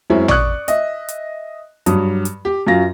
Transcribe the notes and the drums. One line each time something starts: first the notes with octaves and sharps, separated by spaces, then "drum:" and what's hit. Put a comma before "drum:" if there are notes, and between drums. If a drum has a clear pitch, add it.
F#2 G#3 C4 C#4 E4
D5 C#6 D#6 F#6, drum: tom A1
D#5 E5, drum: hi-hat
drum: hi-hat
G2 F#3 D#6, drum: hi-hat
drum: hi-hat
G4
F#2 F#3 F4 A#6